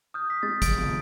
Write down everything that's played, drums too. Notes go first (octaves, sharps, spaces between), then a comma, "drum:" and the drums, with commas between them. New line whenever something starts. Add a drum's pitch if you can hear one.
D#6 F6 G6
B6
G#3 A6
D7, drum: kick, hi-hat
G1